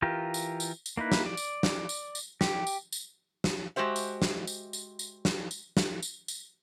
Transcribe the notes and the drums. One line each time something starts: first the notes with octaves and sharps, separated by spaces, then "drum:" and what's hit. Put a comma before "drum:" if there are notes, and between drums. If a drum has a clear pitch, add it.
E3 F4 G4 A#4
drum: tambourine
drum: tambourine
drum: tambourine
A#3 D#4 E4 B4
drum: snare
D5
drum: tambourine
drum: snare
drum: tambourine
drum: tambourine
G4, drum: snare
drum: tambourine
drum: tambourine
drum: snare
G#3 F#4 G4 C5 E5
drum: tambourine
drum: snare
drum: tambourine
drum: tambourine
drum: tambourine
drum: snare
drum: tambourine
drum: snare
drum: tambourine
drum: tambourine